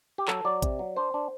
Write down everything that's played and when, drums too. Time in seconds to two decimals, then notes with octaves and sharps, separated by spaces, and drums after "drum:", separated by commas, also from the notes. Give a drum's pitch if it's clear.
0.18 G4
0.28 F#3 A4, drum: clap
0.45 F#3 D5
0.62 C3, drum: kick A1, hi-hat
0.79 F#3
0.96 D4 C5
1.14 D4